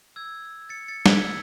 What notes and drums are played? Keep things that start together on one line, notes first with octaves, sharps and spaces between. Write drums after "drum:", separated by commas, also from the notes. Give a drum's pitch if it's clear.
E6 G#6
A6 C#7
A6 C#7
G#6 B6, drum: snare
E6